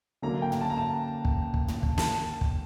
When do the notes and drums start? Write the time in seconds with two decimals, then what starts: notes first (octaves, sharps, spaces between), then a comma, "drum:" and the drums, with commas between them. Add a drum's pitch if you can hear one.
0.22 D3 F#3 A#3 D4 A#5
0.42 G5
0.52 drum: tom
0.61 A5
0.70 A#5
0.78 A5
1.25 drum: kick
1.54 drum: kick
1.68 drum: tom
1.83 drum: kick
1.98 A5, drum: snare
2.41 drum: kick